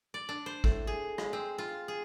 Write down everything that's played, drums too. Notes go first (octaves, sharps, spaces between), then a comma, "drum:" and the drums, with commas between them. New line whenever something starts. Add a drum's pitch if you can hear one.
D5
D4
C5
A2, drum: kick G#1
G#4
G#3, drum: rim click
C4
F4
G#4